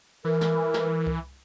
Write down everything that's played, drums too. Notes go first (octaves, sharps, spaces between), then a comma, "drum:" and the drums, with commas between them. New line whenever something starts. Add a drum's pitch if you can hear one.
E3 A#4
drum: snare
drum: snare
drum: kick C2